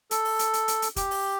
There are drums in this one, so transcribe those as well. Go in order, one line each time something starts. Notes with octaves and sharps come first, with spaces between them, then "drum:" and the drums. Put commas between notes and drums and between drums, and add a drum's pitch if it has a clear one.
A4, drum: hi-hat
drum: open hi-hat
drum: hi-hat
drum: hi-hat
drum: hi-hat
drum: hi-hat
G4, drum: kick, hi-hat
drum: open hi-hat